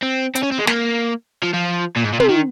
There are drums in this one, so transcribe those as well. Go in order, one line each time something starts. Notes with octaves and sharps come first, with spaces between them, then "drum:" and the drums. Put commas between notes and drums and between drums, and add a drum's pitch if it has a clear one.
C4
C4, drum: hi-hat
C#4
C4
G#3
A#3, drum: snare
F3
F3
A#2
G#2
A#2
C3, drum: tom
D#3